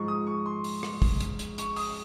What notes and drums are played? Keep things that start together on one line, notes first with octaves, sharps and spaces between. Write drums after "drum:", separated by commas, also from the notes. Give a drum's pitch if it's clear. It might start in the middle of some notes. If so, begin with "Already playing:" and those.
Already playing: G#2 F3 G#3 C#6
D#6
C#6
C6
drum: open hi-hat
drum: rim click
drum: kick, open hi-hat
drum: hi-hat
drum: hi-hat
C#6, drum: hi-hat
D#6, drum: open hi-hat